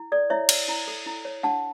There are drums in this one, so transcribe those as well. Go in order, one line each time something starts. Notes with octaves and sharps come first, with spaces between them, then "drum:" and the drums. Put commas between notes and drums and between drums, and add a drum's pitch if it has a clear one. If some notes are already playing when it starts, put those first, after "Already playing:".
Already playing: E4
A4 D5
E4 C#5 E5
C#5, drum: cymbal
E4
A4
E4
C#5
D4 F#5 A5